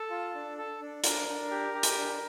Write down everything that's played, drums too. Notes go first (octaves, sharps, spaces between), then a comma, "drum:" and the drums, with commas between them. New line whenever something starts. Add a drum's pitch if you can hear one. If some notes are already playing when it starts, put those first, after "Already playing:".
Already playing: A4
F4
D4
A4
D4
D4 A#4, drum: hi-hat
D4
G4
G4
drum: hi-hat
D4